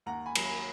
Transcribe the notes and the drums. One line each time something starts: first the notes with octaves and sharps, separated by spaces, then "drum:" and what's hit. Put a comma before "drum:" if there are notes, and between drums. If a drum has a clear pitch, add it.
D#2 F#5 A#5
G#5 B5
F#3, drum: cymbal
G#5 B5